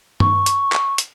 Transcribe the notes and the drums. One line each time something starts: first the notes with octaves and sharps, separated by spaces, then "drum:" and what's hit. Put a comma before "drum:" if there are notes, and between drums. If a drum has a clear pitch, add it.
C#6, drum: tom G2
drum: hi-hat
drum: clap
drum: hi-hat